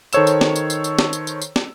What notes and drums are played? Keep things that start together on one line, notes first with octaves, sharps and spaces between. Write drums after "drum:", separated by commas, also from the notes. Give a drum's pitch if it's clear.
D#3 A4 C5 C#5 E6 E7, drum: tambourine
drum: tambourine
drum: snare
drum: tambourine
drum: tambourine
drum: tambourine
drum: snare
drum: tambourine
drum: tambourine
drum: tambourine
drum: snare